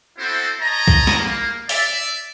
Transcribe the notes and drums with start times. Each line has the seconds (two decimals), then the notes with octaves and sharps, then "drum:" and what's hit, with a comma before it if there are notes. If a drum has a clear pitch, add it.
0.18 B3 C4 E4 F#4 A4 C5
0.60 C#5 D#5 A5 A#5
0.88 drum: kick C2
1.07 drum: snare
1.20 A#3
1.69 D5 E5, drum: open hi-hat